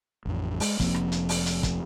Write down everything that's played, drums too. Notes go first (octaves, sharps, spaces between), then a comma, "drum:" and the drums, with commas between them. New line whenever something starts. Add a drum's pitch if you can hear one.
A1 F2
G#3, drum: open hi-hat
F1 F3 A#3 C4, drum: kick, hi-hat
drum: rim click
drum: hi-hat
drum: open hi-hat
drum: hi-hat
drum: kick, hi-hat